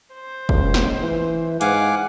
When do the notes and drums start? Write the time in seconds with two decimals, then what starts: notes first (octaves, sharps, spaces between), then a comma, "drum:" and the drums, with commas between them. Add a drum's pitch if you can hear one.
0.14 C5
0.49 C#2, drum: kick
0.74 drum: snare
1.03 E3
1.61 G#2 F5 F#5 G#5 D6, drum: hi-hat